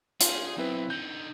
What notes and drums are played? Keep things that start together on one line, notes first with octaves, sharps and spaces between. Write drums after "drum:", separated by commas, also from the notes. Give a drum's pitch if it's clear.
F4 G#4, drum: hi-hat
B1 C4 E4 B4
D3 D#4 G6